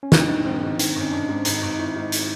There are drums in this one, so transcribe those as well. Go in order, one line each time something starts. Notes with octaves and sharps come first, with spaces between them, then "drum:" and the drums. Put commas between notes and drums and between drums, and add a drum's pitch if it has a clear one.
C#4
G#2 D4, drum: snare
D#3
G#2 C4
G#2
D#3, drum: hi-hat
G#1 C#4
G#1 D4
G#2
G#1 D#4, drum: hi-hat
G#1
G#1 E4
G#2
drum: hi-hat